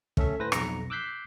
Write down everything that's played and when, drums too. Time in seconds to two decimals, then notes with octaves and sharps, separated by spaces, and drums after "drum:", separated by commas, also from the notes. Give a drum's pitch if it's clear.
0.17 A3 C#4 A4 E5, drum: kick
0.39 A2 B4 C5 A#6
0.52 B1 F2 A#5 C#7, drum: rim click
0.90 D6 E6 F#6 G6 B6 C7